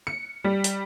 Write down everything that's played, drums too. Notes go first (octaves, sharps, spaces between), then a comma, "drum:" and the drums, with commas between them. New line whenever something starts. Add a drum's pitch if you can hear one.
C#7
G3
drum: hi-hat